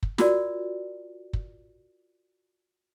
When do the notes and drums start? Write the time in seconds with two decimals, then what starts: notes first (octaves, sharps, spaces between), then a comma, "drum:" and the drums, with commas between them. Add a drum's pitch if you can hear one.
0.03 drum: kick
0.18 F4 F#4 A#4 D5, drum: snare
1.33 drum: kick